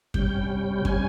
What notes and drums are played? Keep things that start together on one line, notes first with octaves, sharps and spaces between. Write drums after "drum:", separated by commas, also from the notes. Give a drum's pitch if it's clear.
C3 G3 C#4 G5, drum: kick F#2
C3 G3 C#4 G#5, drum: kick F#2